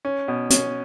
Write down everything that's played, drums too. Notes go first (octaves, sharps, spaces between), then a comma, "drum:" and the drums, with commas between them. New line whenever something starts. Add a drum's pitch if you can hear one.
C#4
B2
C#4, drum: hi-hat